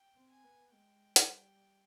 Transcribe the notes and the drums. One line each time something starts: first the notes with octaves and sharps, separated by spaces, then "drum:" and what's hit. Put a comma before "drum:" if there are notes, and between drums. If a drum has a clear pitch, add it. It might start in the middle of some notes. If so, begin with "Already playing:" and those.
Already playing: G5
C4
G#5
B3
G#3 G5
G3, drum: hi-hat